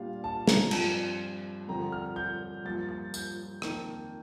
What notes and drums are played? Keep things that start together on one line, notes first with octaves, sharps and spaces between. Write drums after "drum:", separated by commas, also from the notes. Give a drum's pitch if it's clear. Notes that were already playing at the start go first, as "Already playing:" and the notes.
Already playing: A#2 G3 D4 F4 F5
A5
A#5, drum: snare
G2 F3 C4 F4 A5, drum: cymbal
G2 D3 F3 C4 A#5
F6
G6
G2 F3 A#3 F4 A6
A6
G6, drum: tambourine
F2 D#3 A#3 D#4, drum: rim click